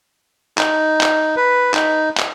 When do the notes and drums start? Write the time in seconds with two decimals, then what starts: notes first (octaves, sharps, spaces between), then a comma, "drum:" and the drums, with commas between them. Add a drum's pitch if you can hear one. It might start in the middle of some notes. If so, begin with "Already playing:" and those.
0.58 D#4, drum: clap
1.01 drum: clap
1.36 B4
1.74 D#4, drum: clap
2.18 drum: clap